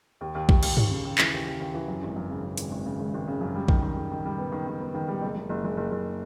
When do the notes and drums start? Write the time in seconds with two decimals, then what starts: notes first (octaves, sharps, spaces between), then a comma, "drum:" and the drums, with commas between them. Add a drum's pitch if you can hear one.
0.21 D#2
0.35 D#2
0.49 D#2, drum: kick A#1
0.63 D#2, drum: cymbal
0.77 D#2, drum: tom G2
0.91 C#3
1.05 D#2
1.18 E3, drum: clap
1.33 D#2
1.46 D#2
1.60 D#2
1.74 E3
1.88 F#2
2.02 G#1
2.16 F#2
2.30 C#3
2.43 F#2
2.57 G#1, drum: hi-hat
2.71 G#1
2.85 C#3
2.99 G#1
3.14 G#1
3.27 C#3
3.41 F#2
3.55 G3
3.68 D#3, drum: kick A#1
3.82 D#3
3.97 D#3
4.11 D#3
4.25 G3
4.38 B3
4.52 D#3
4.67 D#3
4.80 B3
4.94 D#3
5.08 G3
5.21 F#1
5.36 F#1
5.49 F#1
5.64 F#1
5.77 F#1
5.91 F#1